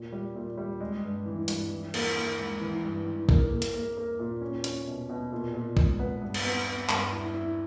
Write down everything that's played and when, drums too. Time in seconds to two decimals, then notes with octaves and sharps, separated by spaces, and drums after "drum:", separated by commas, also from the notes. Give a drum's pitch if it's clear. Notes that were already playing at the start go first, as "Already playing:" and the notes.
Already playing: A#2
0.12 G3
0.35 A#2
0.58 G3
0.80 G#3
1.03 G2
1.26 E3
1.48 G2, drum: hi-hat
1.71 E3
1.94 A#3, drum: cymbal
2.16 A#3
2.38 G#2
2.61 E3
2.84 G2
3.06 E3
3.29 A#3, drum: kick
3.52 A#3
3.62 drum: hi-hat
3.74 A#3
3.97 A#3
4.19 A#2
4.41 C#4
4.64 C#4, drum: hi-hat
4.87 B2
5.09 B2
5.32 A#2
5.54 A#2
5.77 G#3, drum: kick
6.00 B3
6.22 G2
6.34 drum: cymbal
6.45 B3
6.67 B3
6.89 G2, drum: clap
7.12 E4
7.34 E4